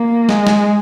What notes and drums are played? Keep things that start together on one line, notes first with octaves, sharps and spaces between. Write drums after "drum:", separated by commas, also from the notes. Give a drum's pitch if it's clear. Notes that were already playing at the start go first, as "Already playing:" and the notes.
Already playing: A#3
G#3, drum: snare
drum: snare